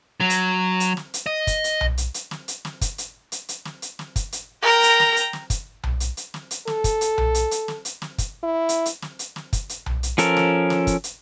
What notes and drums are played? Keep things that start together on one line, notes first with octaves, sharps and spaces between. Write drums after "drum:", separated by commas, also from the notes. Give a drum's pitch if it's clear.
F#3
drum: hi-hat
drum: hi-hat
drum: snare
drum: hi-hat
D#5
drum: kick, hi-hat
drum: hi-hat
drum: tom B1
drum: hi-hat
drum: hi-hat
drum: snare
drum: hi-hat
drum: snare
drum: kick, hi-hat
drum: hi-hat
drum: hi-hat
drum: hi-hat
drum: snare
drum: hi-hat
drum: snare
drum: kick, hi-hat
drum: hi-hat
A#4 G5 A#5
drum: hi-hat
drum: snare
drum: hi-hat
drum: snare
drum: kick, hi-hat
drum: tom B1
drum: hi-hat
drum: hi-hat
drum: snare
drum: hi-hat
A4, drum: snare
drum: kick, hi-hat
drum: hi-hat
drum: tom B1
drum: hi-hat
drum: hi-hat
drum: snare
drum: hi-hat
drum: snare
drum: kick, hi-hat
E4
drum: hi-hat
drum: hi-hat
drum: snare
drum: hi-hat
drum: snare
drum: kick, hi-hat
drum: hi-hat
drum: tom B1
drum: hi-hat
F3 C#4 A4 A#4, drum: hi-hat
drum: snare
drum: snare
drum: kick, hi-hat
drum: hi-hat